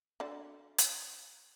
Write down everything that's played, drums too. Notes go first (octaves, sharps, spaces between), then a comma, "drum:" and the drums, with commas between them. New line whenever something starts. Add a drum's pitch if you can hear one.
D3 F#4 D5
drum: hi-hat